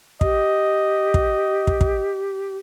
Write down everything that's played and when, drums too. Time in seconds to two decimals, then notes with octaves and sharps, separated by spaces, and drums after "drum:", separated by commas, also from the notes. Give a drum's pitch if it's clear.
0.21 G4 D#5, drum: kick
1.14 drum: kick
1.67 drum: kick
1.81 drum: kick